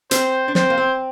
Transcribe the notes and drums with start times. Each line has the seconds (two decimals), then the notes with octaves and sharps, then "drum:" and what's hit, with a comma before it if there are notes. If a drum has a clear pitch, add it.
0.11 C4 C5, drum: hi-hat
0.48 D4
0.55 C4 C5, drum: snare
0.70 A#3
0.78 C4